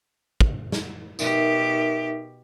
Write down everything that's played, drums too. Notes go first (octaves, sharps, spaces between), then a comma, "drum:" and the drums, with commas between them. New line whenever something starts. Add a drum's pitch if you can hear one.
drum: kick
drum: snare
B2 D#4 G4 A#4 E5, drum: tambourine